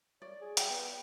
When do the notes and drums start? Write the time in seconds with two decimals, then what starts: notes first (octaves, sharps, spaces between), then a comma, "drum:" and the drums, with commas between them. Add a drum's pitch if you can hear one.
0.22 C#5 D5
0.41 G#4
0.57 G5, drum: hi-hat
0.70 B3